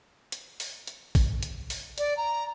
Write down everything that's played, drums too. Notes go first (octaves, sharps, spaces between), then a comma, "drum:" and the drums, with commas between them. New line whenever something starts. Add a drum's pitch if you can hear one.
drum: hi-hat
drum: open hi-hat
drum: hi-hat
drum: kick, open hi-hat
drum: hi-hat
drum: open hi-hat
D5, drum: hi-hat
A#5